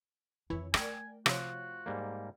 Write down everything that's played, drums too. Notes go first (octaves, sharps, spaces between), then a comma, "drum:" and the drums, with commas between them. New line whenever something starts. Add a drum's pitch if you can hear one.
F2 D#3 E3 E4 C#5
A3 A#4 D5 G5 G#5, drum: rim click
C3 F3 F4 F#4 C5 C#5, drum: rim click
G#2 G3 A#3